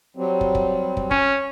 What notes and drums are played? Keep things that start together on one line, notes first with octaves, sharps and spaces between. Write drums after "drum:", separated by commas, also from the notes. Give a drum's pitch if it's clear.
F#3 G3 C4
drum: kick
drum: kick
drum: kick
C#4, drum: kick